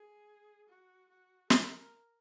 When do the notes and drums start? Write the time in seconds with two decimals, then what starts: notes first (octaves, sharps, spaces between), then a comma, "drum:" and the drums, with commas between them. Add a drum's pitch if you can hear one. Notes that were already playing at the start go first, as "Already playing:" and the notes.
Already playing: G#4
0.68 F#4
1.09 F#4
1.50 A#4, drum: snare